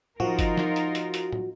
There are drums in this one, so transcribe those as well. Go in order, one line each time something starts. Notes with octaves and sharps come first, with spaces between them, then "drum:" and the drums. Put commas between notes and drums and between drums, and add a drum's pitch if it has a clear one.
F3 D#4 F4 F#4 A#4, drum: tom
drum: kick F#1, hi-hat
drum: snare
drum: hi-hat
drum: hi-hat
drum: hi-hat
drum: tom